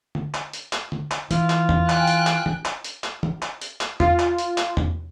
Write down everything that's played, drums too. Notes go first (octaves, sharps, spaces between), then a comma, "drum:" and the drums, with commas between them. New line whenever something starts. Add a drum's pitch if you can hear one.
drum: tom
drum: clap
drum: hi-hat
drum: clap
drum: tom
drum: clap
E3 F4, drum: hi-hat
drum: clap
drum: tom
G5 G#5 F#6, drum: clap
drum: hi-hat
drum: clap
drum: tom
drum: clap
drum: hi-hat
drum: clap
drum: tom
drum: clap
drum: hi-hat
drum: clap
F4, drum: tom
drum: clap
drum: hi-hat
drum: clap
drum: tom